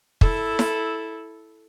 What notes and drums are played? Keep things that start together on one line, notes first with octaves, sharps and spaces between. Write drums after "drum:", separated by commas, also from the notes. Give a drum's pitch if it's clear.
E4 A4, drum: kick
drum: snare E4